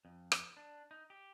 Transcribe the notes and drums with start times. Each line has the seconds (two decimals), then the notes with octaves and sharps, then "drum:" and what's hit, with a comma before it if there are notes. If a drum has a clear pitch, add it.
0.05 F2
0.32 drum: rim click
0.57 D4
0.91 D#4
1.10 G4